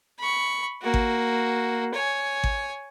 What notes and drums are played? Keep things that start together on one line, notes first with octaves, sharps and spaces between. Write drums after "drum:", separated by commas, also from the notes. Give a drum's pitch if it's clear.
B5 C#6
A#3 F#4
drum: kick G#1
C#5 G#5
drum: kick G#1